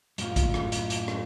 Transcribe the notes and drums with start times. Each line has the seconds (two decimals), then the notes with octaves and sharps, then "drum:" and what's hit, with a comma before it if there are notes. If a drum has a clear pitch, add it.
0.18 F#2 A2 F4, drum: hi-hat
0.36 drum: kick A#1, hi-hat
0.54 drum: rim click
0.72 drum: hi-hat
0.90 drum: hi-hat
1.08 drum: rim click